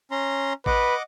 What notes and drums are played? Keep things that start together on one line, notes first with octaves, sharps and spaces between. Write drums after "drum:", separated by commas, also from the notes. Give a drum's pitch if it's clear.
C#4 A#5 C6
B4 D#5 F#5 D6, drum: kick A1